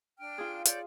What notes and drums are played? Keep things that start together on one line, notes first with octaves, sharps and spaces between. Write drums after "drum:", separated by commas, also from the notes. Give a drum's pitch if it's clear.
D4 G5 F6
F4 G#4
C#5 D5 G6, drum: hi-hat